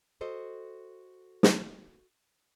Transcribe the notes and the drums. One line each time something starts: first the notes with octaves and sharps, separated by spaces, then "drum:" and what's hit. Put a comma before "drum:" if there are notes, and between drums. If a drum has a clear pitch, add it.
F#4 A4 C5 D#5
drum: snare